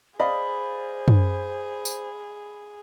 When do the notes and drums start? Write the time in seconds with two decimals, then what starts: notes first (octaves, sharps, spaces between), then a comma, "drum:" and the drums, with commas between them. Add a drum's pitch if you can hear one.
0.19 G#4 C5 D5 D#5 F5 B5
1.08 drum: tom F#2
1.85 drum: tambourine